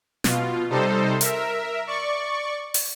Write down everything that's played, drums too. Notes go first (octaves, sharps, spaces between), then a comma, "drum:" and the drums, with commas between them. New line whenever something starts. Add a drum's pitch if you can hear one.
B2 F4, drum: snare
C3 G3 D#4 A4 C5
A#4 E5, drum: hi-hat
D5 C#6
drum: open hi-hat